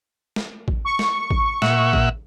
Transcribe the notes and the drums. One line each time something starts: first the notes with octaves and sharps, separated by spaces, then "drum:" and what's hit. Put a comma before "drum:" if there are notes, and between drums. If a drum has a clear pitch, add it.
drum: snare
drum: kick A1
C#6
drum: snare
drum: kick A1
A#2 E5 F#5, drum: snare
drum: kick A1